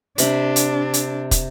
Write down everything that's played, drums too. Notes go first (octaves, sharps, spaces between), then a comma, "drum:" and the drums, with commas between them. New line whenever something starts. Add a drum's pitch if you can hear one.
C3 D4 B5, drum: hi-hat
drum: hi-hat
drum: hi-hat
drum: kick, hi-hat